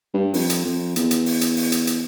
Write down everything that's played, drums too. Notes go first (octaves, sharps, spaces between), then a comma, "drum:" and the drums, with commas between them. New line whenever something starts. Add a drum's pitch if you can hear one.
G2
F2, drum: open hi-hat
drum: hi-hat
F2
E2, drum: hi-hat
drum: hi-hat
drum: open hi-hat
drum: hi-hat
drum: open hi-hat
drum: hi-hat
drum: hi-hat